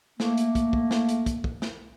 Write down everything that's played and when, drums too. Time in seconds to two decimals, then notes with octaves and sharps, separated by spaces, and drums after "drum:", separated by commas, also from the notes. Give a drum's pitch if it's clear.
0.20 A3 A#3, drum: snare
0.38 drum: hi-hat
0.55 drum: kick, hi-hat
0.73 drum: kick
0.91 drum: snare
1.09 drum: hi-hat
1.26 drum: kick, hi-hat
1.44 drum: kick
1.62 drum: snare